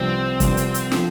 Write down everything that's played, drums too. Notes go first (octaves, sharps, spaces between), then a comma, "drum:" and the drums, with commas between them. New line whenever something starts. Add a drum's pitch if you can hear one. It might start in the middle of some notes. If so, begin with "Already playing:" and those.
Already playing: C2 C3 F3 B3 C4 D4
C2 C3 F3 B3 D4, drum: kick, hi-hat
drum: hi-hat
drum: hi-hat
F3 A3, drum: snare